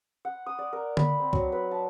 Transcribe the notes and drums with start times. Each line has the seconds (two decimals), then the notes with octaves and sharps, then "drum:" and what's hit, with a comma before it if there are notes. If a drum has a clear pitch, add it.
0.25 F#5
0.46 D#6
0.59 D5
0.73 A#4
0.97 B5, drum: tom D3
1.20 C4
1.33 F#3, drum: kick C2
1.52 B4
1.71 A5